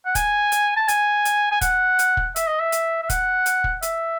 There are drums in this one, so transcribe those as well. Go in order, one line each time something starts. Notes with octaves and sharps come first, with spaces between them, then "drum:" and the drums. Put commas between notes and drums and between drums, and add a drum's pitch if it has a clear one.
F#5
G#5, drum: kick, hi-hat
drum: hi-hat
A5
G#5, drum: hi-hat
drum: hi-hat
G#5
F#5, drum: kick, hi-hat
drum: hi-hat
drum: kick
E5, drum: hi-hat
D#5
E5
drum: hi-hat
E5
F#5, drum: kick, hi-hat
drum: hi-hat
drum: kick
E5, drum: hi-hat